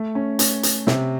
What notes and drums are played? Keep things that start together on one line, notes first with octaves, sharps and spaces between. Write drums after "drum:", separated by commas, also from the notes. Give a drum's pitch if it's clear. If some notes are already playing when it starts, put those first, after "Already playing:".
Already playing: A3
C#4
C#4, drum: hi-hat
C#4, drum: hi-hat
C3, drum: snare